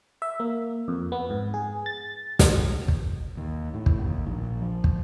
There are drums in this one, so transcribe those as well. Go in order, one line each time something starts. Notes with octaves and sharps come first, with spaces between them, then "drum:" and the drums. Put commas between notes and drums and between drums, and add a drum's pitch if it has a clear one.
E5
A#3
F2
B3
G#2
G#4
A6
drum: snare
drum: kick
D#2
A2
drum: kick
D#2
A#1
F3
drum: kick